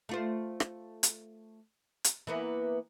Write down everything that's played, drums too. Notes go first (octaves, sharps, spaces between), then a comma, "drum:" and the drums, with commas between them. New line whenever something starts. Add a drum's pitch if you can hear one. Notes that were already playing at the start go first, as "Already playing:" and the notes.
A3 F4 C5
drum: rim click
drum: hi-hat
drum: hi-hat
E3 A#3 B3